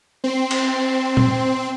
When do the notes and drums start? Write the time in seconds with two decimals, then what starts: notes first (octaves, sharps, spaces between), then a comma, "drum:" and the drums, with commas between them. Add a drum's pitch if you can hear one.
0.24 C4 C6
0.51 drum: cymbal
1.17 drum: tom A#2